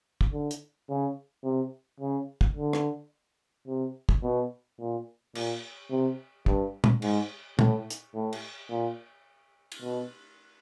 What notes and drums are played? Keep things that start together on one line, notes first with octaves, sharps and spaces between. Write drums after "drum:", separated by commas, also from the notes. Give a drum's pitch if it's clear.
drum: kick
D3
drum: hi-hat
C#3
C3
C#3
drum: kick
D3
drum: rim click
C3
drum: kick
B2
A#2
A#2, drum: cymbal
C3
G2, drum: kick
drum: tom
G#2, drum: cymbal
A2, drum: tom
drum: hi-hat
A2
drum: cymbal
A#2
drum: cymbal
B2